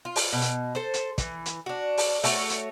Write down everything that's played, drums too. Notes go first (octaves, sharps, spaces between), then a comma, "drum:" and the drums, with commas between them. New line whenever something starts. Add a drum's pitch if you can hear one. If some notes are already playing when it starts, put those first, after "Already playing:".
F4
drum: open hi-hat
B2
drum: hi-hat
A4 C5
drum: hi-hat
E3, drum: kick, hi-hat
drum: hi-hat
D4 F#4
drum: open hi-hat
A3 F#4 C#5, drum: open hi-hat
drum: hi-hat